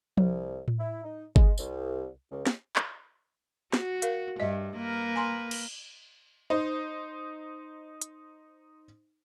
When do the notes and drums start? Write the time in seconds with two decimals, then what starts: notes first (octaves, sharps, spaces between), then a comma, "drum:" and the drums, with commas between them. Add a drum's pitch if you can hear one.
0.17 C2, drum: tom F3
0.68 drum: tom A2
0.79 E4
1.04 D#4
1.36 G#3, drum: kick G1
1.58 C2, drum: tambourine
2.31 C#2
2.46 drum: snare
2.76 drum: clap
3.73 F#4, drum: snare
4.02 A#4 F5, drum: hi-hat
4.40 G2 D#5 E5
4.76 A#3 A#4 B4
5.16 G#5 A#5 C6
5.51 drum: cymbal
6.50 D#4 C5
8.01 drum: hi-hat